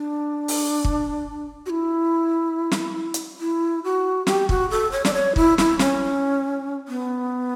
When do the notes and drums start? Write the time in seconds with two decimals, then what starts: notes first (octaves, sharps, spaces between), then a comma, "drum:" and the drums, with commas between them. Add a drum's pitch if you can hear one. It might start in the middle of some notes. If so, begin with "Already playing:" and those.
Already playing: D4
0.48 drum: open hi-hat
0.84 drum: kick
1.66 F#4
1.70 E4
2.72 drum: snare
3.14 drum: hi-hat
3.40 E4
3.84 F#4
4.27 G4, drum: snare
4.49 F#4, drum: kick
4.70 A4
4.92 C#5
5.05 D5, drum: snare
5.14 C#5
5.36 E4, drum: kick
5.58 E4, drum: snare
5.79 C#4, drum: snare
6.88 B3